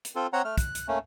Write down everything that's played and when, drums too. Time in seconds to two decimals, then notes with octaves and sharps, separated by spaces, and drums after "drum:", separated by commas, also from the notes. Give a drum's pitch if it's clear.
0.05 drum: hi-hat
0.16 C4 F4 A4
0.33 C4 C#5 F#5 A#5
0.45 A3 F6
0.58 F#6, drum: kick, hi-hat
0.75 drum: hi-hat
0.88 A3 A#3 C#4